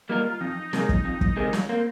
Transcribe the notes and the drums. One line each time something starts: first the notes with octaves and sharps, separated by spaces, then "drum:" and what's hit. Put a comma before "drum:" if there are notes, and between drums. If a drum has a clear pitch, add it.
G3 A#3 D#4 F4 A#4
F4
F2 D#4
C3 D#3 G#3, drum: snare
drum: kick
F2
drum: kick
C3 D#3 G#3
drum: snare
A#3 C4